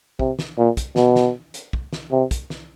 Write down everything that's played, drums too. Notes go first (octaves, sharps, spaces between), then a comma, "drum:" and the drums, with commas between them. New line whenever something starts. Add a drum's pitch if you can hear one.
C3, drum: kick
drum: snare
A#2
drum: kick, hi-hat
B2, drum: snare
drum: snare
drum: hi-hat
drum: kick
drum: snare
C3
drum: kick, hi-hat
drum: snare